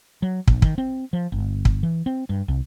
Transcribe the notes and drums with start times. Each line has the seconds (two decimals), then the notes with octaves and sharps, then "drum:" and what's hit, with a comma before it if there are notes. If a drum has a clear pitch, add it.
0.22 F#3
0.48 A#1, drum: kick
0.62 D#3, drum: kick
0.78 C4
1.13 F3
1.32 G1
1.65 drum: kick
1.83 E3
2.06 C4
2.29 G2
2.48 C2